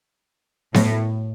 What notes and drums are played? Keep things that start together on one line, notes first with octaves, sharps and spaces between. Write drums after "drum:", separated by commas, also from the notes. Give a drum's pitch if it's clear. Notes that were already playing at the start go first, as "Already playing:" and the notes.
A2, drum: snare B3